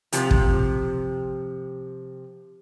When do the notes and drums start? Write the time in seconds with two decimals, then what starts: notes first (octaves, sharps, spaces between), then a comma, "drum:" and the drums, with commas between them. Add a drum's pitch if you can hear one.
0.12 C3 F3, drum: hi-hat
0.31 drum: kick